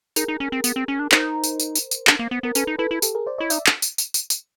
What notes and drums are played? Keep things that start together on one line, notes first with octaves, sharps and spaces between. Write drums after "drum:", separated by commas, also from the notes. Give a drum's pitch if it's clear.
D#4 G#4 A#4, drum: tambourine
D#4
C#4
C4
B3, drum: tambourine
C4
C#4
D4
D#4 A#4 C5, drum: clap
drum: tambourine
drum: tambourine
drum: tambourine
drum: tambourine
D4, drum: clap
A#3
B3
B3 A#4
C#4 A4 B4, drum: tambourine
D#4
E4 A4 B4
E4
G4 A4, drum: tambourine
G#4 A#4
C5 D5
E4 C#5 D#5
D#4 D5 E5, drum: tambourine
drum: clap
drum: tambourine
drum: tambourine
drum: tambourine
drum: tambourine